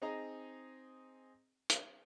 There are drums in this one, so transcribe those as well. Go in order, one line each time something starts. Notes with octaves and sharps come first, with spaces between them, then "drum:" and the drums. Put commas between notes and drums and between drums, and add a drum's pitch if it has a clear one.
C4 D#4 G#4 D#5 A#5
drum: hi-hat